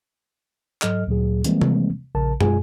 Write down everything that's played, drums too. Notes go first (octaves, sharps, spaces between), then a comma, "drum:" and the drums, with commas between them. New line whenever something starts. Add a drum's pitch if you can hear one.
G#2 F#3 A4 D#5 F6, drum: clap
D2 A#2 F#3 G#4
E3 F3 G3 G#3 A#3 C4, drum: hi-hat
drum: tom C3
A#1 C#3 A#4 A5
B2 G#3 F4 G#4 G#5, drum: tom